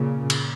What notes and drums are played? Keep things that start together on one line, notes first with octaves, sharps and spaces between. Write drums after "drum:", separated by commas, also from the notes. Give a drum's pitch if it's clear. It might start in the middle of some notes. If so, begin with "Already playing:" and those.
Already playing: A#2 C#3
drum: cymbal